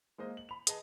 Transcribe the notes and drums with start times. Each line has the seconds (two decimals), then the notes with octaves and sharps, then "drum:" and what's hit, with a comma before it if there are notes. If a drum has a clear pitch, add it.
0.18 G#3 A#3 C5 D#5
0.37 F#7
0.49 B5 F7
0.67 G#4 B4 D#5 G#5 A5, drum: hi-hat